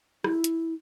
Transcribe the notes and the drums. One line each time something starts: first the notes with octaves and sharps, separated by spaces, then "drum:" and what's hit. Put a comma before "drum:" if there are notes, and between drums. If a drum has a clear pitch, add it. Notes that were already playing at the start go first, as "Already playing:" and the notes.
E4, drum: rim click
drum: hi-hat